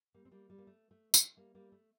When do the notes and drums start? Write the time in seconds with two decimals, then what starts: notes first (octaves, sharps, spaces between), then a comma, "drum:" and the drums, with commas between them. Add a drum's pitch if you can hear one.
0.14 G3 A#3
0.25 C4
0.31 G3 A#3
0.50 G3
0.58 A#3
0.67 A3
0.91 A3
1.14 A3, drum: tambourine
1.37 G3 A#3
1.55 G3 A#3
1.72 A3